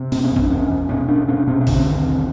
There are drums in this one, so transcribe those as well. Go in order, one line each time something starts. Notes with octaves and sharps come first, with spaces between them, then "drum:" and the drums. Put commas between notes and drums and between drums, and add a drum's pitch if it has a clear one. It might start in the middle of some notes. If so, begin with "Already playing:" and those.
Already playing: C3
B2 C4, drum: open hi-hat
C#4
E2
C4, drum: kick
D4
E2 C#4
E2
B2 C#4
B2 D4
B2 C#4
B2 C4
C#4
D3, drum: kick, open hi-hat
C4
D#2
D3